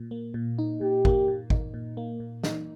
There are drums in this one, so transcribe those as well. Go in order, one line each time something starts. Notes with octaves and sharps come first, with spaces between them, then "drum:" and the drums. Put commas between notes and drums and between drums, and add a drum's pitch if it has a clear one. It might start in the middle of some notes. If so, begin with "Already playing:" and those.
Already playing: A#2
A#3
A#2
D#4
A#2 G4
A#3, drum: kick G#1
A#2
D#4, drum: kick G#1
A#2
A#3
A#2
D#4, drum: snare